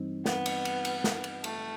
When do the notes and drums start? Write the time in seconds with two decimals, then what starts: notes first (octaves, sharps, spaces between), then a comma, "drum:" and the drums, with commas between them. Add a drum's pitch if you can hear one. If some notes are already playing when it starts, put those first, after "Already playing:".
Already playing: G2 E3 G3 C4 D#4
0.26 B3, drum: snare
0.46 drum: cymbal
0.65 drum: cymbal
0.85 drum: cymbal
1.04 drum: snare
1.24 drum: cymbal
1.44 A3, drum: cymbal